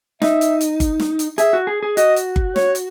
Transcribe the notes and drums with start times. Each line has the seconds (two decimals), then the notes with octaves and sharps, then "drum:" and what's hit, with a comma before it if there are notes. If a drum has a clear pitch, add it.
0.22 D#4 E5, drum: snare
0.41 drum: hi-hat
0.61 drum: hi-hat
0.80 drum: kick G1, hi-hat
1.00 drum: snare
1.19 drum: hi-hat
1.38 G#4 E5, drum: hi-hat
1.53 F#4
1.67 G#4
1.83 G#4
1.97 F#4 D#5, drum: hi-hat
2.16 drum: hi-hat
2.36 drum: kick G1
2.56 C#5, drum: snare
2.75 drum: hi-hat